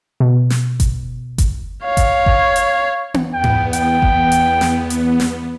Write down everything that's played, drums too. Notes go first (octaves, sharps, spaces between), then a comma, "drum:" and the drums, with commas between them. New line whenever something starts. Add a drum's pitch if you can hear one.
B2
drum: snare
drum: kick G1, hi-hat
drum: kick G1, hi-hat
C#5 F5
drum: kick G1, hi-hat
drum: kick G1
drum: hi-hat
drum: tom B3
E2 B3 G5
drum: tom G#2
G5, drum: hi-hat
drum: kick G1
drum: hi-hat
drum: snare
drum: hi-hat
drum: snare